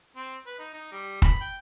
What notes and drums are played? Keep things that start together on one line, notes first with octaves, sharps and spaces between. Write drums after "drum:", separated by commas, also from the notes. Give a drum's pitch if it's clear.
C4
B4
D#4
D#4
G3
B5, drum: kick
G5